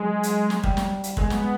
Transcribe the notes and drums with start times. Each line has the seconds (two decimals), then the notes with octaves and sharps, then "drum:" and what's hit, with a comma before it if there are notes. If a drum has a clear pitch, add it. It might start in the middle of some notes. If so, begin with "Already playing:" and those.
Already playing: F#3 G#3
0.23 drum: hi-hat
0.50 drum: snare
0.63 G3, drum: kick
0.77 drum: snare
1.04 drum: hi-hat
1.17 G#3 B3, drum: kick
1.30 drum: snare